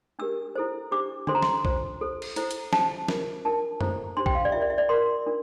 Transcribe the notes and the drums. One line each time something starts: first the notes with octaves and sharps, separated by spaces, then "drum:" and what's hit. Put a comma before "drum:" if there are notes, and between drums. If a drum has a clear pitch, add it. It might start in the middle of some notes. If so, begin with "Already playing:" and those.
D4 G4 A#4 E6
E4 A4 C5
D4 G4 C5 D6
D4 A4 C5 C6, drum: tom D3
A#5
C6, drum: snare
F4 C5, drum: kick B1
F4 A4 C5
drum: cymbal
E4 A4 C5, drum: hi-hat
drum: hi-hat
F4 C5 A5, drum: snare
F4 A#4, drum: snare
D4 F4 A#4 A5
E4 A4 C5, drum: tom F#2
D4 G4 C5 C6
G5, drum: kick B1
F5
D5
F4 A#4 E5
D5
E5
D5
F4 A#4 C6
D4 F4 A#4